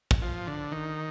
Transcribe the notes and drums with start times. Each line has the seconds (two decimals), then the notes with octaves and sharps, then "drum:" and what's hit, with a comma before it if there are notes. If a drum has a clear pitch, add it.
0.11 drum: kick
0.22 F3
0.47 D3
0.72 D#3